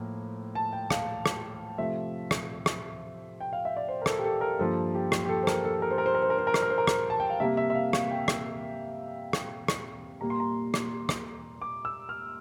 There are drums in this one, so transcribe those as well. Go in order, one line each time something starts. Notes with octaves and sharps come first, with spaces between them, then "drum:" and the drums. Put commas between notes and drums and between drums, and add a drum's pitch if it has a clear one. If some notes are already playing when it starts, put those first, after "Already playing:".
Already playing: A2 F3 A#3
A5
G5
F5, drum: rim click
drum: rim click
C3 F3 A3 E5
drum: rim click
drum: rim click
G5
F5
E5
D5
C5
A#4
A4, drum: rim click
G4
A4
A#4
G2 F3 A#3 A4
G4
drum: rim click
G4
A4
C5
A#4, drum: rim click
A4
A#4
C5
A#4
C5
A#4
C5
A#4
C5
A#4
C5, drum: rim click
A#4
C5
A#4
drum: rim click
A5
G5
F5
C3 G3 A#3 E5
E5
E5
F5
F5, drum: rim click
G5
drum: rim click
drum: rim click
drum: rim click
A#2 G3 A#3 A#5
C6
A#5
drum: rim click
drum: rim click
D6
E6
F6